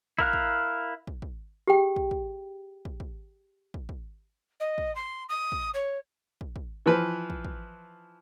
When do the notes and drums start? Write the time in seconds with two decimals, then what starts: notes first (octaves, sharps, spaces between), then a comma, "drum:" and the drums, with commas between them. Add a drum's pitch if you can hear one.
0.19 E4 A#4 F5 F#6, drum: kick
0.33 drum: kick
1.07 drum: kick
1.22 drum: kick
1.67 G4 G#4 G5
1.96 drum: kick
2.11 drum: kick
2.85 drum: kick
3.00 drum: kick
3.74 drum: kick
3.89 drum: kick
4.60 D#5
4.78 drum: kick
4.95 C6
5.29 D#6
5.52 drum: kick
5.74 C#5
6.41 drum: kick
6.56 drum: kick
6.86 E3 F3 B4
7.30 drum: kick
7.45 drum: kick